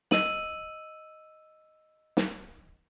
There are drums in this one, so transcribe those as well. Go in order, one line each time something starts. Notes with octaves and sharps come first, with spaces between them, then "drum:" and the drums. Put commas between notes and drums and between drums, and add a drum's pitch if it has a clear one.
D#5 E6 D#7 F#7, drum: snare
drum: snare